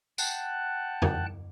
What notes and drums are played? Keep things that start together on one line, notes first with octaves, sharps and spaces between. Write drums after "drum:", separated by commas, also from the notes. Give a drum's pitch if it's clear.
F#5 G5 A5 F#6, drum: tambourine
drum: tom F2